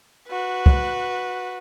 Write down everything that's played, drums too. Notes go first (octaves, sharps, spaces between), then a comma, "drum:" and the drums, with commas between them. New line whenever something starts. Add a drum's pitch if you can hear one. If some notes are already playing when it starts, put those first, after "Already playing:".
F#4 B4
drum: kick